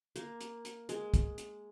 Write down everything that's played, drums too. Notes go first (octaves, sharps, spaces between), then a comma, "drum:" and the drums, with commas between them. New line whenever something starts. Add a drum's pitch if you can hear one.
A#3, drum: hi-hat
drum: hi-hat
drum: hi-hat
G#3, drum: hi-hat
drum: kick, hi-hat
drum: hi-hat